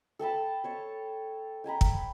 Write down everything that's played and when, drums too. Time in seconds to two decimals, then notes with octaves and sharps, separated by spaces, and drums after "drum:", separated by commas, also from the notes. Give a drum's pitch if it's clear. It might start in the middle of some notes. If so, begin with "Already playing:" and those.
0.19 A4 G5 A5 B5
0.64 C5 C#5 C#6
1.64 G5 G#5 A#5 B5
1.81 drum: kick